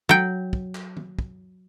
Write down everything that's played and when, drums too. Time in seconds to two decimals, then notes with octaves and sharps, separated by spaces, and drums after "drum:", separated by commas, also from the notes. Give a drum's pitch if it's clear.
0.09 F#3 G5
0.53 drum: kick
0.75 drum: clap
0.97 drum: tom
1.19 drum: kick